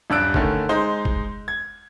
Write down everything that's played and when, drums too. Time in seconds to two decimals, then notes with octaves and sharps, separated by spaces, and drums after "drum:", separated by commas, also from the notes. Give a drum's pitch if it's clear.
0.10 D#1 G2 D4 E6 F#6 D7
0.34 D3 D#3 A3 C#4, drum: kick F#1
0.69 G#3 D#4 C5
1.05 drum: kick F#1
1.48 G#6